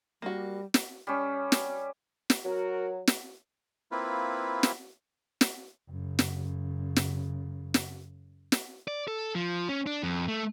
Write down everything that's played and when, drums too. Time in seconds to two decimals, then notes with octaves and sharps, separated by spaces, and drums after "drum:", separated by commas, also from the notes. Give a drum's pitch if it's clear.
0.22 G3 A#3 F#4
0.74 drum: snare
1.07 G3 C#4
1.52 drum: snare
2.30 drum: snare
2.45 F#3 F#4 A#4
3.07 drum: snare
3.92 A#3 C4 E4 F4 B4
4.63 drum: snare
5.41 drum: snare
5.89 F#2 C#3
6.19 drum: snare
6.96 drum: snare
7.74 drum: snare
8.52 drum: snare
8.88 D5
9.08 A4
9.35 F3
9.69 C#4
9.87 D4
10.03 F2
10.28 A3